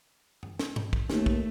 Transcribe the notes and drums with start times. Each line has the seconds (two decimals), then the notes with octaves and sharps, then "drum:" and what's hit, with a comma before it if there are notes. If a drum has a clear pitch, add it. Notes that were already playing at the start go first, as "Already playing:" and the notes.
0.43 drum: tom F#2
0.59 drum: snare
0.76 drum: tom G#2
0.93 drum: kick
1.10 D#2 A3, drum: snare
1.26 drum: kick